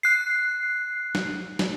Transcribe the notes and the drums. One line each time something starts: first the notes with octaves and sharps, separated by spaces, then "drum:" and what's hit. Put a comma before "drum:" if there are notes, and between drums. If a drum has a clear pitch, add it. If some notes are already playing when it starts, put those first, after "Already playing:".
F#6 C7
drum: snare
drum: snare